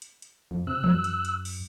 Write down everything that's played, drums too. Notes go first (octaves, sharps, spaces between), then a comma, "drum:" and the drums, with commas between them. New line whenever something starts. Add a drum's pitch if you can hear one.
drum: hi-hat
drum: hi-hat
F2
C3 E6 F#6
F#2, drum: tom E3
drum: hi-hat
drum: hi-hat
drum: open hi-hat